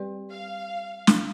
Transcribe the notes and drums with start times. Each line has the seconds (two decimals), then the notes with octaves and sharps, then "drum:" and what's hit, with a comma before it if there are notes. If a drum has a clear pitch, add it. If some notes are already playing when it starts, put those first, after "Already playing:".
Already playing: G3 C4 G4 B4 D5
0.28 F5
1.07 drum: snare